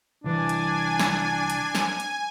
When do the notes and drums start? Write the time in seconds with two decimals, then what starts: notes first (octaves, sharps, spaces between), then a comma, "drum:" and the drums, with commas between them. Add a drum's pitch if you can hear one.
0.24 C2 E3 D4 G#5
0.49 drum: hi-hat
0.99 drum: snare
1.50 drum: hi-hat
1.75 drum: snare
2.00 drum: hi-hat